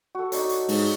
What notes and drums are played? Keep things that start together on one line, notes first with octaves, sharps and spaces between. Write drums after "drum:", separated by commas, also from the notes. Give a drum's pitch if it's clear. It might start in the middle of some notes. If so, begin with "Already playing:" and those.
F#4 A4
D4 D#4 C#5, drum: hi-hat
drum: hi-hat
G#2, drum: open hi-hat